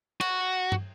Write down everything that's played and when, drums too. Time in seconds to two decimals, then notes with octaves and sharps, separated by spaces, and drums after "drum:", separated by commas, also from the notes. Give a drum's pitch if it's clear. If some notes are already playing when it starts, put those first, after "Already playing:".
0.21 F#4, drum: cymbal
0.72 drum: tom